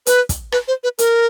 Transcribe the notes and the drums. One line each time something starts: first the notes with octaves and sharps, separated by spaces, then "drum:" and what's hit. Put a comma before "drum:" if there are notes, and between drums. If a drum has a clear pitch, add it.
B4, drum: hi-hat
drum: kick, hi-hat
B4, drum: rim click
C5
B4
A#4, drum: hi-hat